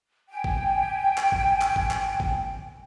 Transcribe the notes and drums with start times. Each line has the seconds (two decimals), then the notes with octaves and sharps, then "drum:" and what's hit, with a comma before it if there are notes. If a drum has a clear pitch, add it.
0.30 G5 G#5
0.44 drum: kick G#1
1.17 drum: clap
1.32 drum: kick G#1
1.61 drum: clap
1.76 drum: kick G#1
1.91 drum: clap
2.20 drum: kick G#1